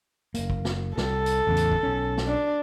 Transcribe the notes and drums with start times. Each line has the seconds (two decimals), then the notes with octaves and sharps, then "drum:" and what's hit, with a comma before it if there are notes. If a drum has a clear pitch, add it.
0.34 F#1 A#3, drum: hi-hat
0.50 drum: kick
0.65 drum: snare
0.98 C2 G3 A4, drum: snare
1.26 drum: hi-hat
1.47 A1 E2 C#3
1.56 drum: hi-hat
1.72 drum: kick
1.83 B1 C#4
2.18 drum: snare
2.27 D4